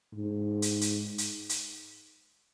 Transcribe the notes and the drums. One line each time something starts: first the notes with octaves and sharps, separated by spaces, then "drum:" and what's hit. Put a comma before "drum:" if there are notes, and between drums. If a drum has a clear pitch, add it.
G#2
drum: hi-hat
drum: hi-hat
drum: hi-hat
drum: hi-hat